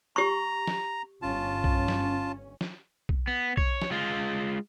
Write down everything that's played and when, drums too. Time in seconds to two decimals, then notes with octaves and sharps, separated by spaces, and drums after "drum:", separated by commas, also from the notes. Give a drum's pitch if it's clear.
0.16 G4 A#5 C#6
0.68 drum: snare
1.22 G1 C#4 F4 A5
1.64 drum: kick B1
1.88 drum: snare
2.61 drum: snare
3.09 drum: kick B1
3.27 B3
3.57 C#5, drum: kick B1
3.82 drum: snare
3.91 G#3 F4